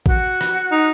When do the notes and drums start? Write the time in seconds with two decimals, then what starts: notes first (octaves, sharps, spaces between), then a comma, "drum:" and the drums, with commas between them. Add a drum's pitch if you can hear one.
0.06 F#4 F#5, drum: kick
0.41 drum: rim click
0.72 D#4